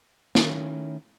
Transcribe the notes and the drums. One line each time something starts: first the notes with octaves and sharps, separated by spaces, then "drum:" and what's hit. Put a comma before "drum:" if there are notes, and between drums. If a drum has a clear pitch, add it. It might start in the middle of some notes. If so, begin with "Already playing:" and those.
D#3 A3 C#4 E4, drum: snare